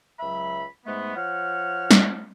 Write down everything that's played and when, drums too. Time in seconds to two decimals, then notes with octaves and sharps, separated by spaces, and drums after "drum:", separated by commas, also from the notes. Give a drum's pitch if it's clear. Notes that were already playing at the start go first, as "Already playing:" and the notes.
0.19 C#2 F#3 E5 B5
0.86 G#2 G#3 A3 B3
1.16 F3 C#5 F#5 F6
1.91 drum: snare